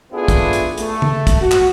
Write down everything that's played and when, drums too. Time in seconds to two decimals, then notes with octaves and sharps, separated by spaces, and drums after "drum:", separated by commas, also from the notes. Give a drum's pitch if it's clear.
0.13 A3 B3 D4 E4 F4 G#4
0.28 drum: kick, hi-hat
0.53 drum: hi-hat
0.78 A3, drum: hi-hat
1.02 drum: tom
1.27 drum: kick, hi-hat
1.41 F#4
1.51 drum: clap